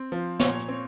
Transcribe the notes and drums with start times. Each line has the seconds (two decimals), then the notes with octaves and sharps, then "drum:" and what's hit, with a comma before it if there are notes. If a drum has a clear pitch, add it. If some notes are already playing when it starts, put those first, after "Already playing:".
Already playing: C4
0.12 F3
0.40 A#2 C#5, drum: snare
0.59 drum: hi-hat
0.68 C4